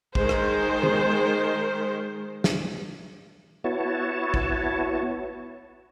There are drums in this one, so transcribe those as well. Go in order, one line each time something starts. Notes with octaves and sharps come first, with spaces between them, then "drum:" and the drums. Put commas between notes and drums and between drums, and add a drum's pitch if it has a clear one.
D#3 G#3 C5, drum: kick
drum: rim click
drum: tom
drum: snare
B3 E4 F#4 C#5 A5
drum: kick